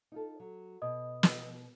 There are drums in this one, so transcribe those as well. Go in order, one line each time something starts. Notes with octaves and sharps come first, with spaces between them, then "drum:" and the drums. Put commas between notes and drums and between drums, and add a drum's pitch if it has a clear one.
D#4 F4 A4
F#3
B2 D#5 D#6
drum: snare